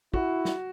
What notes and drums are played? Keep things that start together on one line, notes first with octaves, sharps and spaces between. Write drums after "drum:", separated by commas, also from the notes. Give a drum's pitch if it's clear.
E4 F#4, drum: kick
drum: snare